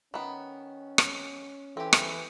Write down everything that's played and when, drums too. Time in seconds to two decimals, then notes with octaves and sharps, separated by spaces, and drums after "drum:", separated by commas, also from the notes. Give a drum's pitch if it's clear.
0.14 D#3 B3 C#4
0.98 drum: rim click
1.77 E3 C4 G4 A4 G5
1.93 drum: rim click